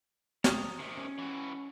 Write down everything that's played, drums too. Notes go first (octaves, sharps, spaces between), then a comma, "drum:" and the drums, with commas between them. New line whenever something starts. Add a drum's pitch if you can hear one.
A#5 D#6, drum: snare
C3 D#3
C#4
E3 F#4